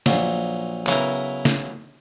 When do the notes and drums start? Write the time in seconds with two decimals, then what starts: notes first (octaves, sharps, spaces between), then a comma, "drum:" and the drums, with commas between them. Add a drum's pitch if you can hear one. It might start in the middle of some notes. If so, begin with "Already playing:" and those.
0.06 A#1 A#2 F#3, drum: snare
0.87 C#3 F#3 B3 E4 A#4, drum: clap
1.45 drum: snare